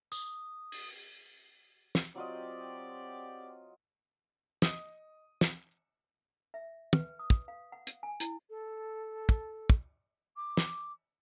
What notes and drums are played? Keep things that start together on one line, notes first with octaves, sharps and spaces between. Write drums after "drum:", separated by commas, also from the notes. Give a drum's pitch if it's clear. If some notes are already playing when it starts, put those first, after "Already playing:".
D#6, drum: tambourine
drum: open hi-hat
drum: snare
F#3 C4 F4 G4 D5 D#5
D#5 D#6, drum: snare
drum: snare
E5
B4, drum: tom
D#6
drum: kick
F5
F#5
drum: hi-hat
G#5
E4, drum: hi-hat
A4
drum: kick
drum: kick
D6
drum: snare